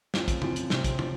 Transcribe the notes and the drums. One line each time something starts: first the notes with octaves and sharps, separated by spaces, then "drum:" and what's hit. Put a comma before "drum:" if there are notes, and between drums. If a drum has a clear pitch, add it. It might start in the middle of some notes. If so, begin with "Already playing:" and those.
F#2 F3 C4 F4, drum: snare
drum: kick, hi-hat
F#2 F3 C4 F4, drum: tom
drum: hi-hat
F#2 C3 F3 C4, drum: snare
drum: kick, hi-hat
F3 C4, drum: tom